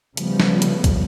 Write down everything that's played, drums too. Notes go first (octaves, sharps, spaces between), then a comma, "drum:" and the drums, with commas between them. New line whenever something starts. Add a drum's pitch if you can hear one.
C#3 F3 G3 A3 B3, drum: hi-hat
drum: snare
drum: hi-hat
drum: kick, hi-hat